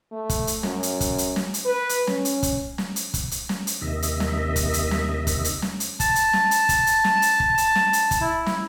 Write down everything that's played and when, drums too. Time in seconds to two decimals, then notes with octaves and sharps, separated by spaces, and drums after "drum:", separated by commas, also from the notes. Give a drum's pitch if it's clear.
0.12 A3
0.30 drum: kick, hi-hat
0.47 drum: hi-hat
0.63 F#2, drum: snare
0.83 drum: hi-hat
1.01 drum: kick, hi-hat
1.18 drum: hi-hat
1.36 drum: snare
1.54 drum: hi-hat
1.65 B4
1.89 drum: hi-hat
2.07 C#4, drum: snare
2.25 drum: hi-hat
2.43 drum: kick, hi-hat
2.78 drum: snare
2.96 drum: hi-hat
3.14 drum: kick, hi-hat
3.31 drum: hi-hat
3.49 drum: snare
3.67 drum: hi-hat
3.81 D#2 C3 D#3 D#5 E5
4.02 drum: hi-hat
4.20 drum: snare
4.56 drum: kick, hi-hat
4.73 drum: hi-hat
4.91 drum: snare
5.27 drum: kick, hi-hat
5.45 drum: hi-hat
5.62 drum: snare
5.80 drum: hi-hat
6.00 A5, drum: kick, hi-hat
6.16 drum: hi-hat
6.33 drum: snare
6.51 drum: hi-hat
6.69 drum: kick, hi-hat
6.87 drum: hi-hat
7.04 drum: snare
7.22 drum: hi-hat
7.40 drum: kick
7.58 drum: hi-hat
7.75 drum: snare
7.93 drum: hi-hat
8.11 drum: kick, hi-hat
8.21 E4
8.46 drum: snare